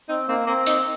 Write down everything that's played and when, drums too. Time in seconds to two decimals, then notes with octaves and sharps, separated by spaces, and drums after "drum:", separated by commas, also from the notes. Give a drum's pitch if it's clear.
0.09 C4 D#4
0.28 A#3 C4
0.47 A#3 C4
0.66 D#4, drum: open hi-hat